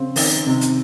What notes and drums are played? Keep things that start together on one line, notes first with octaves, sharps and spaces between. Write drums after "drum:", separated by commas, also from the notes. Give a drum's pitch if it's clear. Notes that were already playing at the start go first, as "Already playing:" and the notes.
Already playing: C#3 C4
D#3, drum: open hi-hat
C3
drum: hi-hat